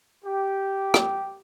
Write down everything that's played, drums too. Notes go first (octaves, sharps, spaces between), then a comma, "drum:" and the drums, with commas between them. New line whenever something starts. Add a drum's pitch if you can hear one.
G4
drum: rim click